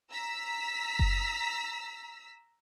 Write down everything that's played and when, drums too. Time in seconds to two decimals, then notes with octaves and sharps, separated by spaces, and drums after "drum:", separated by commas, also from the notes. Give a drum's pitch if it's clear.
0.12 A#5 E6 B6
0.99 drum: kick F#1